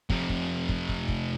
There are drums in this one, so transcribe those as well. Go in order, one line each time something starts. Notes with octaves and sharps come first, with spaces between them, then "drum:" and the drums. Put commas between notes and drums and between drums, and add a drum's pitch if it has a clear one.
F2 C3, drum: kick
drum: kick
drum: kick
drum: kick
drum: kick